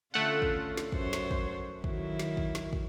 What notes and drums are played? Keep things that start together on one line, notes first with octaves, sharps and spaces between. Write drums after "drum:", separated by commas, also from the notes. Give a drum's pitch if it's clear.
D3 A3 C#4 F4 F#5
drum: kick
drum: snare
F#2 C5 C#5, drum: kick
drum: snare
drum: kick
D#3 F#3 E4, drum: kick
drum: snare
drum: kick
drum: snare
drum: kick